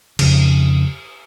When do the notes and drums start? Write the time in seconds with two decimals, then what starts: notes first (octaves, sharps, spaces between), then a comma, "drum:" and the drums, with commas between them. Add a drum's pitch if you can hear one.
0.19 F2 C#3, drum: cymbal